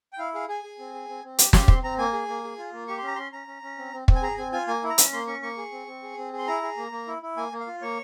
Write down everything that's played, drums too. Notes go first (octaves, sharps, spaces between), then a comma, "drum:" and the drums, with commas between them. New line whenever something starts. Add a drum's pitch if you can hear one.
G5
E4 F5
G#4 F5
G#4 G#5
G#4
C4
G#4
C4
C4
G4, drum: hi-hat
G4 C6, drum: snare
C4 C6, drum: kick
C4 A#5
A#3 G#5
G#4
A#3
G#4
F4
A#3
G4 C#6
C6
C#4 A#5
C#4 C6
C#4 A#5
C#4
C#4
C4
C4
C4, drum: kick
G#5
G#4 A#5
C4 G#5
F4 G#5
A#3 G#5
E4
A#5
C#4, drum: hi-hat
A#3 C6
C#4 C#6
A#3 C#6
G#4
C4
C4
G#4
C4
G#4
C6
E4 A#5
G#4
A#3
A#3
E4
E4
A#3 G#5
A#3
F5
F4
A#3 C#5